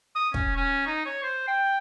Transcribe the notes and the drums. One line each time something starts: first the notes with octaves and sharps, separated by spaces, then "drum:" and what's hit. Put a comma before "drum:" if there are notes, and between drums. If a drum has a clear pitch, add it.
D#6
C#4, drum: kick
C#4
D#4
C#5
C5
G5